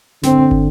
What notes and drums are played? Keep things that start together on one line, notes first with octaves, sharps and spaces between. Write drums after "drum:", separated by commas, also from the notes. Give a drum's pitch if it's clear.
D3 C4, drum: snare
drum: kick